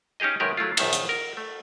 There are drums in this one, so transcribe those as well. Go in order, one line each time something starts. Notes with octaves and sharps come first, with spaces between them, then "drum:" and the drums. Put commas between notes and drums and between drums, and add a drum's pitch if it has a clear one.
C#4 D#4 G4 G#4 D#5
F#2 D#3 G#3 G4 A#4 B4
F#3 A3 E4 F4
A#1 F#2 D#3 E5, drum: cymbal
drum: hi-hat
A#4
A3